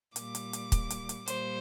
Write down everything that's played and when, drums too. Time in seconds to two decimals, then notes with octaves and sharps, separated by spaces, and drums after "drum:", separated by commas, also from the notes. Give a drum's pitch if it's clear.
0.16 A#2 G3 D6, drum: hi-hat
0.35 drum: hi-hat
0.53 drum: hi-hat
0.72 drum: kick, hi-hat
0.90 drum: hi-hat
1.09 drum: hi-hat
1.27 A#2 G3 C5, drum: hi-hat